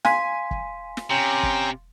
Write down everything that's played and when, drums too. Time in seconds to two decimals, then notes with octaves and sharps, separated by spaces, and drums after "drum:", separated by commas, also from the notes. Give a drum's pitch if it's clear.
0.05 F5 G#5 C6 B6, drum: snare
0.51 drum: kick
0.97 drum: snare
1.10 C3 C#4 G5 A#5
1.43 drum: kick